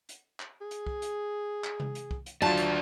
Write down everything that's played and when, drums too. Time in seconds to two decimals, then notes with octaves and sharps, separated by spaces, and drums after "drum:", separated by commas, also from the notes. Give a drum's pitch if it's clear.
0.09 drum: hi-hat
0.40 drum: clap
0.61 G#4
0.71 drum: hi-hat
0.87 drum: kick
1.02 drum: hi-hat
1.64 drum: clap
1.80 drum: tom C3
1.95 drum: hi-hat
2.11 drum: kick
2.26 drum: hi-hat
2.42 F#3 D4 F4 F#4 D5 A5
2.57 drum: hi-hat